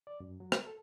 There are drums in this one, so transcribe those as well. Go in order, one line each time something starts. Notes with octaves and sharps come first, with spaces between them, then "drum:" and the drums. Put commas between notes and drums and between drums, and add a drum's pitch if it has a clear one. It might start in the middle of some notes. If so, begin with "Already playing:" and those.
D5
F#2
F#3
A#4, drum: rim click
A4